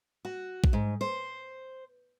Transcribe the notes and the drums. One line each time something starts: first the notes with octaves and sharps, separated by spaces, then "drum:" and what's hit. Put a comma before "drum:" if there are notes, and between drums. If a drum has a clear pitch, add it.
F#4
drum: kick A#1
G#2
C5